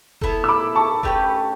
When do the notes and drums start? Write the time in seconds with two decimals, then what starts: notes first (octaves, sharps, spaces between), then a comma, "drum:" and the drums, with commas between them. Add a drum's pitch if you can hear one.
0.21 B3 E4 A4, drum: kick F1
0.44 E6
0.48 B5 D6
0.76 A5 C#6
1.03 A3 C#4 G4 B4, drum: kick F1